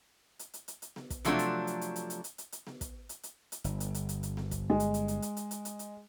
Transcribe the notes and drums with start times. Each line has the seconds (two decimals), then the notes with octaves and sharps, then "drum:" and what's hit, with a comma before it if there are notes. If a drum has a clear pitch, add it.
0.39 drum: hi-hat
0.54 drum: hi-hat
0.68 drum: hi-hat
0.82 drum: hi-hat
0.96 drum: snare B3
1.10 drum: kick, hi-hat
1.25 C3 F3 F#3 A3 D4, drum: hi-hat
1.39 drum: hi-hat
1.67 drum: hi-hat
1.81 drum: hi-hat
1.96 drum: hi-hat
2.10 drum: hi-hat
2.24 drum: hi-hat
2.38 drum: hi-hat
2.52 drum: hi-hat
2.67 drum: snare B3
2.81 drum: kick, hi-hat
3.09 drum: hi-hat
3.23 drum: hi-hat
3.52 drum: hi-hat
3.64 G1, drum: hi-hat
3.80 drum: hi-hat
3.94 drum: hi-hat
4.09 drum: hi-hat
4.23 drum: hi-hat
4.37 drum: snare B3
4.51 drum: kick, hi-hat
4.70 G#3
4.80 drum: hi-hat
4.94 drum: hi-hat
5.08 drum: hi-hat
5.22 drum: hi-hat
5.37 drum: hi-hat
5.51 drum: hi-hat
5.65 drum: hi-hat
5.79 drum: hi-hat